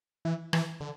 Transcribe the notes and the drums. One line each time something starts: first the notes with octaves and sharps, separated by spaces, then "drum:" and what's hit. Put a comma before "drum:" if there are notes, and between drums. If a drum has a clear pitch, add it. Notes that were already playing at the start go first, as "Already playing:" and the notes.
E3
E3, drum: rim click
D3